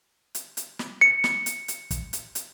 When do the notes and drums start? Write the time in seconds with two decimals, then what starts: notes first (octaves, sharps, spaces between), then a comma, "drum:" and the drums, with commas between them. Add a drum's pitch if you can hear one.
0.35 drum: hi-hat
0.57 drum: hi-hat
0.79 drum: snare
1.01 C#7
1.24 drum: snare
1.46 drum: hi-hat
1.68 drum: hi-hat
1.91 drum: kick, hi-hat
2.13 drum: hi-hat
2.35 drum: hi-hat